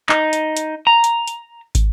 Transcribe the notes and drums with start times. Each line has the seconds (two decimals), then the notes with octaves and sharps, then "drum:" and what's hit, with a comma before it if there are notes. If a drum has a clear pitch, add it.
0.09 D#4, drum: clap
0.33 drum: hi-hat
0.57 drum: hi-hat
0.87 A#5
1.04 drum: hi-hat
1.28 drum: hi-hat
1.75 drum: kick, hi-hat